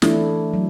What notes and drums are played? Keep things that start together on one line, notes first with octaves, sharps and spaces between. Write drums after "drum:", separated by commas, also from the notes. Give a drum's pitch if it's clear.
E3 A3 D4 E4, drum: snare
F#3